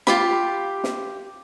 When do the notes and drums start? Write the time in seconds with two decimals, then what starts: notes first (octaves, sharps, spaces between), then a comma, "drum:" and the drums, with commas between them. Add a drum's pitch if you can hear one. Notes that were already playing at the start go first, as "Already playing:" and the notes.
0.07 F4 G4 B5, drum: snare
0.84 drum: snare